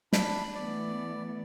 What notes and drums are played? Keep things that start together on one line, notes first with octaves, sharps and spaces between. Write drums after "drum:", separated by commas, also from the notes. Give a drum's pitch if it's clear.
D4 B5, drum: snare
E3 A3 B3 D5